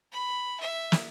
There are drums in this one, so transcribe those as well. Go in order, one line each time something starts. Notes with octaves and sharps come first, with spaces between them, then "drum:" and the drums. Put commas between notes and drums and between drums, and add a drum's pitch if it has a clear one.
B5
E5
drum: snare